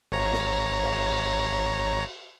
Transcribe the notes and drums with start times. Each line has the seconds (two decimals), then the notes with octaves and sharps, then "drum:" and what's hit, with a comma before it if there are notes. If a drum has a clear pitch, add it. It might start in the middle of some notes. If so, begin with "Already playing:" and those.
0.12 G#1 C#5 A#5, drum: cymbal
0.33 drum: snare
0.83 drum: cymbal